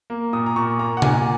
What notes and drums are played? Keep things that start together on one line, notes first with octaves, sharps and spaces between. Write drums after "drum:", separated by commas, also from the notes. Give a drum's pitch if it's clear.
A#3
A#2 D#6
A#5
A#2 C#6
A#3 A#5
F#5
A#2 G#5, drum: tom C3